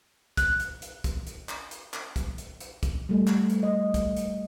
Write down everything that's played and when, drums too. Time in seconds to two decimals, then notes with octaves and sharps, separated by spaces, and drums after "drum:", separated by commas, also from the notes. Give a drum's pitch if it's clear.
0.37 F#6, drum: kick, hi-hat
0.60 drum: hi-hat
0.82 drum: hi-hat
1.04 drum: kick, hi-hat
1.27 drum: hi-hat
1.49 drum: clap
1.71 drum: hi-hat
1.94 drum: clap
2.16 drum: kick, hi-hat
2.38 drum: hi-hat
2.60 drum: hi-hat
2.83 drum: kick, hi-hat
3.09 G3 A3
3.27 drum: clap
3.50 drum: hi-hat
3.63 D#5
3.94 drum: kick, hi-hat
4.17 drum: hi-hat